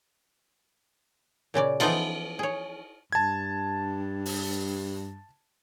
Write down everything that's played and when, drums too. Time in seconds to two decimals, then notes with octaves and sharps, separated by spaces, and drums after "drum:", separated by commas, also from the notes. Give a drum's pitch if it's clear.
1.54 A#2 C#3 C#4 D5
1.80 E3 F3 B3 D#4 F4 A4, drum: cymbal
2.39 G#4 C#5
3.12 G2 A5 G#6
4.26 drum: open hi-hat